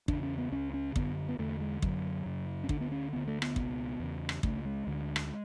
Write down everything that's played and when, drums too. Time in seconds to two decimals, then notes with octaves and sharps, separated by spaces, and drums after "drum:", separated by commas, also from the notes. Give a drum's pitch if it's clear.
0.08 E2 C#3 D4, drum: kick
0.23 C#4
0.38 B3
0.52 C#2 C#3 C#4
0.74 C#4
0.96 F#2 D3 B3, drum: kick
1.29 B3
1.39 E2 D3 A3
1.61 G#3
1.82 F#2 D3 F#3, drum: kick
2.26 F#2 C#3
2.64 C#4
2.69 D2 D3 D4, drum: kick
2.81 B3
2.92 C#4
3.13 D2 D3 B3
3.28 A3
3.42 B3, drum: rim click
3.56 C#2 B2, drum: kick
4.00 E2 C#3
4.29 drum: rim click
4.43 C#2 C#3 A3, drum: kick
4.65 G#3
4.87 D2 D3
5.16 drum: rim click